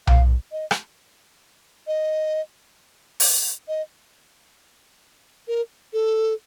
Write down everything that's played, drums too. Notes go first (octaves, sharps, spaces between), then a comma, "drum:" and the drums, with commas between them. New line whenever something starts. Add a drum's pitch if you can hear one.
F5, drum: tom B1
D#5
drum: rim click
D#5
drum: open hi-hat
D#5
A#4
A4